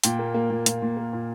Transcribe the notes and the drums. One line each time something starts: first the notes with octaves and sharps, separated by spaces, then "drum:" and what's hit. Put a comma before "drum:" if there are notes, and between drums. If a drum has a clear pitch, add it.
A#2 G5, drum: hi-hat
A#3
A#3
A#2
A#2, drum: hi-hat
A#2
A#3
A#2